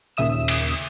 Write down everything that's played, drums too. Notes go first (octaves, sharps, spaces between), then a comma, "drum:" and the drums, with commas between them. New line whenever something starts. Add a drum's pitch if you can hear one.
D#2 A#2 C#3 E5 D#6 E7
drum: cymbal